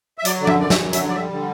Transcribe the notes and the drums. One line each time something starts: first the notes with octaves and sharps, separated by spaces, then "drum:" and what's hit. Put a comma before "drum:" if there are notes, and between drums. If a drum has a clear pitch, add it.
E5
F#3 D5, drum: hi-hat
D3 D5
E5, drum: tom F3
F#2
D5
F#2 E5, drum: snare
F#3
E5, drum: hi-hat
D3
D5
G3 E5
D3